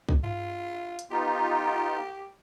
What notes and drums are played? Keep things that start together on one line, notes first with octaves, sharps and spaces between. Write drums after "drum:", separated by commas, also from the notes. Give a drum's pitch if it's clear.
drum: kick
F4, drum: tom G2
drum: hi-hat
B3 D#4 F4 G4